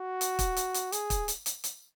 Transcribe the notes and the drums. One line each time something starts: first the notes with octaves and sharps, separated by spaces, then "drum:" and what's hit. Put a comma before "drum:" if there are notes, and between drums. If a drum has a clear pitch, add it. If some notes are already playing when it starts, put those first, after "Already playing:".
Already playing: F#4
drum: hi-hat
drum: kick, hi-hat
drum: hi-hat
drum: hi-hat
G#4, drum: hi-hat
drum: kick, hi-hat
drum: hi-hat
drum: hi-hat
drum: hi-hat